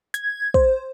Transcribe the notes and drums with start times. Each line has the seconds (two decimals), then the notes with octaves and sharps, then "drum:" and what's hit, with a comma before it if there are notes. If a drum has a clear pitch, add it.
0.14 G#6, drum: hi-hat
0.54 C5, drum: kick